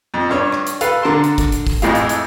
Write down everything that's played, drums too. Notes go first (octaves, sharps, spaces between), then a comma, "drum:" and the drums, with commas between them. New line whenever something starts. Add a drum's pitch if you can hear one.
F2
G2 D4 C#5
drum: rim click
drum: hi-hat
A4 B4 F5, drum: hi-hat
D3 A#4 A5 C6
drum: hi-hat
drum: kick, hi-hat
drum: hi-hat
drum: kick, open hi-hat
F2 A2 E3 G#3 F5, drum: hi-hat
drum: hi-hat
drum: hi-hat